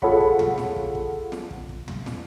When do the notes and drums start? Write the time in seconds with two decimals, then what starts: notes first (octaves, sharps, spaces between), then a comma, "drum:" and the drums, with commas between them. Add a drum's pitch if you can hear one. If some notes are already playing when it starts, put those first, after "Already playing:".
0.02 F4 G#4 A4 C#5 F#5 B5, drum: kick
0.21 drum: kick
0.39 drum: tom
0.58 drum: snare
0.76 drum: kick
0.95 drum: kick
1.32 drum: snare
1.51 drum: kick
1.69 drum: kick
1.88 drum: tom
2.06 drum: snare